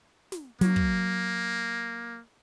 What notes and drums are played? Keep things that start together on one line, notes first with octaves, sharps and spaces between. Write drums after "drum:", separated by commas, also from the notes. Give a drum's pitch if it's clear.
drum: snare
F#3 A#3, drum: snare
drum: kick